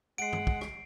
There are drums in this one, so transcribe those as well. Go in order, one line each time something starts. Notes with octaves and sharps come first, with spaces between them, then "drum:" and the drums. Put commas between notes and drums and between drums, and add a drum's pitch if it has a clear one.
G#3 F#5 C7 D7
drum: tom G2
drum: kick
drum: rim click